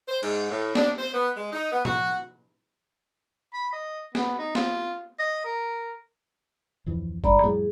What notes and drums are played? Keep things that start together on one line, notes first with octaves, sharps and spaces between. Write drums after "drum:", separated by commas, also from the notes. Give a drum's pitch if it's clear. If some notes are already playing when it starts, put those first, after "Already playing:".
C5
G#2, drum: cymbal
A2
D4, drum: snare B3
C5
B3
G#3
D#4
B3
F#4, drum: tom A2
B5
D#5
B3, drum: snare B3
D#4
F4, drum: snare B3
D#5
A#4
D1 F2 E3
G2 D5 A#5 B5, drum: kick G1
F2 A2 G3 G#4